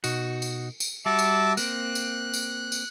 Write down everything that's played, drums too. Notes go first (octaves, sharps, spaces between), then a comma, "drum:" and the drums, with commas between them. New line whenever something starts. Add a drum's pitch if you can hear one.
B2 D#4 F#4, drum: tambourine
drum: tambourine
drum: tambourine
G3 F#4 E5 A5 D6
drum: tambourine
A#3 C4 F#6, drum: tambourine
drum: tambourine
drum: tambourine
drum: tambourine